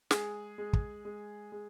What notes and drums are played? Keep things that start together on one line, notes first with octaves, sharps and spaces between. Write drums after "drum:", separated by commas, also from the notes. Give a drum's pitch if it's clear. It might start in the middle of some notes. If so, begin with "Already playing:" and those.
G#3 G#4, drum: snare
G#3
drum: kick
G#3
G#3